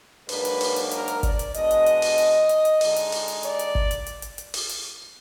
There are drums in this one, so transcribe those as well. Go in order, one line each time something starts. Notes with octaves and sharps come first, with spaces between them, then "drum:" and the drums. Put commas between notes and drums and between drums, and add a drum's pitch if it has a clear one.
G#2 F#3 A#3 D4 B4, drum: open hi-hat
drum: hi-hat
drum: open hi-hat
drum: hi-hat
A#4, drum: hi-hat
drum: hi-hat
D5, drum: kick G1, hi-hat
drum: hi-hat
B2 G#3 D4 D#5, drum: hi-hat
drum: hi-hat
drum: hi-hat
drum: open hi-hat
drum: hi-hat
drum: hi-hat
drum: hi-hat
D3 G#3 D#4, drum: open hi-hat
drum: hi-hat
drum: open hi-hat
drum: hi-hat
D5, drum: hi-hat
drum: hi-hat
drum: kick G1
drum: hi-hat
drum: hi-hat
drum: hi-hat
drum: hi-hat
drum: open hi-hat
drum: hi-hat